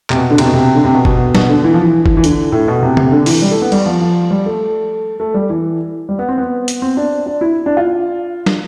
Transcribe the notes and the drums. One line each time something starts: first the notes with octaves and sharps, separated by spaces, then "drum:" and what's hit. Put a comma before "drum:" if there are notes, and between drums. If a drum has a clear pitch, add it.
C3, drum: clap
B2
D3
C3, drum: cymbal
B2
C3
D3
C3
B2
B2, drum: kick
B2, drum: snare
D3
E3
F3
E3
drum: kick
E3
D3, drum: hi-hat
A2
B2
C3
C3, drum: tom C#3
D3
E3, drum: open hi-hat
G3
A3
B3
G3, drum: cymbal
F3
F3
G3
A3
A3
G3
E3
G3
B3
C4
B3
drum: hi-hat
C4
D4
D4
E4
D4
F4
drum: snare